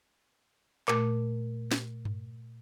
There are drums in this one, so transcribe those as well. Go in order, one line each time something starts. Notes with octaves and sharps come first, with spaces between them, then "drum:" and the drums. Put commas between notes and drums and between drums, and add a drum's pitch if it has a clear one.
A#2 A3, drum: clap
drum: snare
drum: tom G2